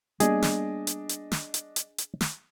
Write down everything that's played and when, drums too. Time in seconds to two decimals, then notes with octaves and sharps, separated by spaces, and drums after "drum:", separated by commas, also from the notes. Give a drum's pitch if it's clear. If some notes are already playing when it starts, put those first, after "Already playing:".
0.20 G3 A#3 B3 D4 G#4 D#5, drum: hi-hat
0.42 drum: snare
0.87 drum: hi-hat
1.09 drum: hi-hat
1.32 drum: snare
1.54 drum: hi-hat
1.76 drum: hi-hat
1.98 drum: hi-hat
2.21 drum: snare